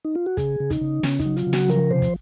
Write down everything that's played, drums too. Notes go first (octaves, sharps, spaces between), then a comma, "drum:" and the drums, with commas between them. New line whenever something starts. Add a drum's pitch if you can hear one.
D#4
F4
F#4
C#3 G#4, drum: kick, hi-hat
C#3
D#4, drum: kick, hi-hat
C#3
C#3 C#4, drum: snare
D#4, drum: kick, hi-hat
F#3
F4, drum: hi-hat
C#3
F#4, drum: snare
F3 A#4, drum: hi-hat
C3 C5
drum: kick, hi-hat